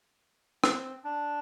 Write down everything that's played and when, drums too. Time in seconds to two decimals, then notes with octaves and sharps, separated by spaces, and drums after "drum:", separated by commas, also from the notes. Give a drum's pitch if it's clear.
0.64 C4, drum: rim click
1.04 D4